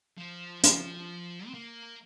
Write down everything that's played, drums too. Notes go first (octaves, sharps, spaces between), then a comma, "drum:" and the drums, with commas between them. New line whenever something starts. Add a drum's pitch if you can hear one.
F3
F3, drum: hi-hat
C4
A#3